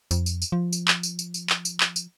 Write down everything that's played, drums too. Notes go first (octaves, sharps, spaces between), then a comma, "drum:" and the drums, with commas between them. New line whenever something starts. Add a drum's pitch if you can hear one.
F2, drum: tambourine
drum: tambourine
drum: tambourine
F3
drum: tambourine
drum: clap
drum: tambourine
drum: tambourine
drum: tambourine
drum: clap
drum: tambourine
drum: clap
drum: tambourine